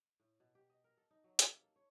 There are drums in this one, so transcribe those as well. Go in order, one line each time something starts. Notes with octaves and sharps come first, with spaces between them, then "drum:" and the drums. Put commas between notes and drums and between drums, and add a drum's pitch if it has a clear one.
A2
B2
G4
D#5
A#4
A4
D#4
F#3
C3, drum: hi-hat
A#3
A4
C#5